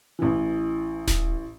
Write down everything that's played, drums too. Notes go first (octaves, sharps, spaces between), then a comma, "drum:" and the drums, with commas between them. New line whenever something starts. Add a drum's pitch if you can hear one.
A1 E3
drum: snare D#1